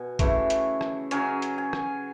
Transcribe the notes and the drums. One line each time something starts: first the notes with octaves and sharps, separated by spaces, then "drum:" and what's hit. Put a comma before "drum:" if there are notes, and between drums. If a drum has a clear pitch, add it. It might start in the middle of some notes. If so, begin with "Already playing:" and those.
Already playing: B2 G#5
C#3 E3 A3, drum: kick A#1, hi-hat
drum: hi-hat
drum: rim click
C#3 F#3 C#4 G#5, drum: hi-hat
drum: hi-hat
G#5
drum: rim click